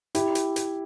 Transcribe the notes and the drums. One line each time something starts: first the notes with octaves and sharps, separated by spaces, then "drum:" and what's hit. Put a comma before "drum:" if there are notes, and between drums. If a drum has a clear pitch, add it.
E4 G4, drum: hi-hat
drum: hi-hat
drum: hi-hat